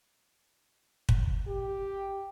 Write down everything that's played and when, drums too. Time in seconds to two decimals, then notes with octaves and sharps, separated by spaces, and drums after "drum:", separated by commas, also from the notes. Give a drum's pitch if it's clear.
1.09 drum: kick
1.47 G4